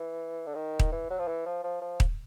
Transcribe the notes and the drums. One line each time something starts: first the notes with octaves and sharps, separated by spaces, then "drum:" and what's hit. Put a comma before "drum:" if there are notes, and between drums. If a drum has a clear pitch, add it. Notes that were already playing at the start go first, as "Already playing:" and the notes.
Already playing: E3
D3
D#3
drum: kick D#1
E3
F#3
F3
E3
F3
F3
F3
drum: kick D#1